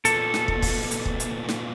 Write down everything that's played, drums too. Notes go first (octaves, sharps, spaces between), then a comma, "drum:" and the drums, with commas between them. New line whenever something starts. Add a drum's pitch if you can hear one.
E2 A#2 A4, drum: hi-hat
drum: snare
drum: kick
drum: kick, open hi-hat
drum: hi-hat
drum: kick
drum: hi-hat
drum: snare